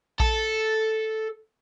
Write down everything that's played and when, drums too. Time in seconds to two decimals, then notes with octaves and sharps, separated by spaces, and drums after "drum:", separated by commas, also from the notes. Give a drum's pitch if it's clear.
0.20 A4 A5, drum: kick A#1